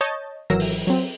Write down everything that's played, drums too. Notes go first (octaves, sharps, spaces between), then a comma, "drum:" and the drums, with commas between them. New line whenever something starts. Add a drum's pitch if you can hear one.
C#5 D#5 A5 G6 A6
G#1 E3 F#3 A#4 E6 A#6
drum: open hi-hat
F#3 C4